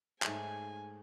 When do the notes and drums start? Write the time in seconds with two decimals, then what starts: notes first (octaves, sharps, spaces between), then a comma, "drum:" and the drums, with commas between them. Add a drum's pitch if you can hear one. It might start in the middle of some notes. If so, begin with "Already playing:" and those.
0.22 G#2 A3 C#5 G#5, drum: clap